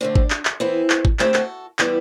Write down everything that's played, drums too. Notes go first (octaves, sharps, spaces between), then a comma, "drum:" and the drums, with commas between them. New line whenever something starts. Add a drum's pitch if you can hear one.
D3 A3 C4 D4
drum: kick G#1
drum: clap
drum: clap
E3 B3 C4 E4
drum: clap
drum: kick G#1
D3 A3 C4 E4 G4, drum: clap
F#4 A4, drum: clap
E3 G3 B3 E4 G4, drum: clap